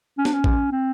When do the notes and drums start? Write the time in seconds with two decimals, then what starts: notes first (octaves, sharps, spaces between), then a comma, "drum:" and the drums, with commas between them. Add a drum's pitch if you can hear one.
0.18 C#4
0.25 D4, drum: snare
0.33 C#4
0.44 drum: kick A1
0.72 C4